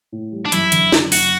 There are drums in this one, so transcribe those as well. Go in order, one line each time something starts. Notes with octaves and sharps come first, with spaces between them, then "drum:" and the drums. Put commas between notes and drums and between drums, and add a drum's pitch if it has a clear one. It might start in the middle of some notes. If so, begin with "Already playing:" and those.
A2
G3
D4
F#2 E4, drum: hi-hat
D3, drum: hi-hat
F#1, drum: snare
F#1 F#4, drum: open hi-hat